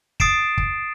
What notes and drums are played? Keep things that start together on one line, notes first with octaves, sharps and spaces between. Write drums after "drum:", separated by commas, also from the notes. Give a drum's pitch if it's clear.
D#6 A6 C7 D7 E7, drum: kick
drum: kick